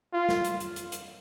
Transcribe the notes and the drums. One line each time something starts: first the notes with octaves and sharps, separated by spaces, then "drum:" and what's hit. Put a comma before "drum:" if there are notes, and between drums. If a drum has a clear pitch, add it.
F4
drum: snare
drum: hi-hat
drum: hi-hat
drum: hi-hat
drum: hi-hat